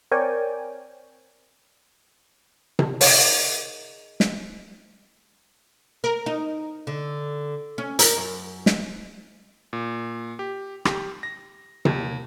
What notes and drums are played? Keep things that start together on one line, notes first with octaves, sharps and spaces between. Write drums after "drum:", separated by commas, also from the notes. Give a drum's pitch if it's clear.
C4 A#4 C#5 D5 G5 G#5
drum: tom C3
D#4 G#4 A#4 C#5, drum: open hi-hat
drum: snare
A#4
D#4
D3
C#4
A#4, drum: hi-hat
F#2
drum: snare
A#2
G4
G4, drum: rim click
A#6
D#2, drum: tom C3